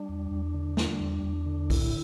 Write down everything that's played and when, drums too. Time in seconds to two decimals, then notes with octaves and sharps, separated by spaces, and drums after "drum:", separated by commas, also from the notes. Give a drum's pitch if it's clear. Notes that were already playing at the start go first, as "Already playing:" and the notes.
Already playing: G3 D4
0.09 E2
0.31 E2
0.54 D3
0.77 G3, drum: snare
1.00 E2
1.23 E2
1.46 D3
1.70 A2 E4, drum: kick, open hi-hat